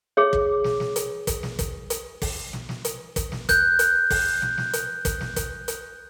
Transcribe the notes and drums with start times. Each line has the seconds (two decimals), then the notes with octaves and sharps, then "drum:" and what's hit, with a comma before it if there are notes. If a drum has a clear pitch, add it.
0.17 G#4 C#5
0.33 drum: kick
0.64 drum: snare
0.80 drum: snare
0.96 drum: hi-hat
1.27 drum: kick, hi-hat
1.43 drum: snare
1.59 drum: kick, hi-hat
1.90 drum: hi-hat
2.22 drum: kick, open hi-hat
2.53 drum: snare
2.69 drum: snare
2.85 drum: hi-hat
3.16 drum: kick, hi-hat
3.32 drum: snare
3.49 F#6 G6, drum: kick, hi-hat
3.79 drum: hi-hat
4.10 drum: kick, open hi-hat
4.42 drum: snare
4.58 drum: snare
4.73 drum: hi-hat
5.05 drum: kick, hi-hat
5.21 drum: snare
5.36 drum: kick, hi-hat
5.68 drum: hi-hat